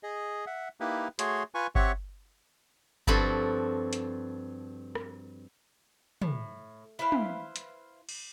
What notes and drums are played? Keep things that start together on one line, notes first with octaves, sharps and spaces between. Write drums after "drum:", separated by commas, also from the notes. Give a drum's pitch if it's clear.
G#4 D#5
E5 F#5
A#3 D#4 E4 G4 B4
A3 F#4 G#4 C#5 C6, drum: hi-hat
F4 B4 G#5 C#6
C4 G4 C#5 E5 F#5 C#6, drum: kick G1
G2 F3 C4 F#4 A4 B5, drum: kick G1
drum: hi-hat
drum: rim click
A2, drum: tom
E4 B4 C5 F5
drum: tom
drum: hi-hat
drum: cymbal